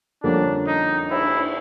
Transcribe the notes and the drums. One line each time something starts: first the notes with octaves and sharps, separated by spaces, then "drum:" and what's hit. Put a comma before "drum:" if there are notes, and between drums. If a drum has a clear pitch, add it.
F2 D3 G3 A#3 C#4 D4
D#4
E4, drum: cymbal